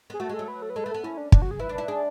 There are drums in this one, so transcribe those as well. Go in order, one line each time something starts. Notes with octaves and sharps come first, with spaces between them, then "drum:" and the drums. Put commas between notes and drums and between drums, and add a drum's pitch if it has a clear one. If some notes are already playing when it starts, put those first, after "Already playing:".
B3 G#4
A3 F#4
G#3 A4
F#3
B4
A4
B4
G#3 A4
A3 B4
B3 A4
C#4 E4
D4
D4, drum: kick
F#4
G#4
E4 B4
D4
E4 B4
D4 G#4